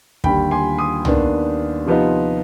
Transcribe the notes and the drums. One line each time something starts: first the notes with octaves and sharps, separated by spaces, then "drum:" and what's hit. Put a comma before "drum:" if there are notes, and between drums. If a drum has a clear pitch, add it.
D#2 D3 G3 G5 B5, drum: kick
G#5 C6
C6 D#6
D#2 D#3 B3 D4, drum: tom
C3 F3 B3 D#4